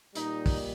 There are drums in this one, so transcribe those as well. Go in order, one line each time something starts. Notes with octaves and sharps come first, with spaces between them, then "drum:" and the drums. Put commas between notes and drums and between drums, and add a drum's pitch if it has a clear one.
A#2 G3 D#4, drum: hi-hat
drum: kick, open hi-hat